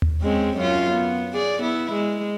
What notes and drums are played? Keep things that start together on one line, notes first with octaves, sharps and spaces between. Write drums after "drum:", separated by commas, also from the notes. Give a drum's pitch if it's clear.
drum: tom D#2
G#3 C4 C#4
F#2 C#4 F4
B3
G#4 D5
B3 E4
G#3